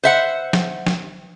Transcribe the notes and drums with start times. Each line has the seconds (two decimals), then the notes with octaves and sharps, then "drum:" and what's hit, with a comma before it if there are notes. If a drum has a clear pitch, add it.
0.04 C5 E5 F#5
0.53 drum: snare
0.87 drum: snare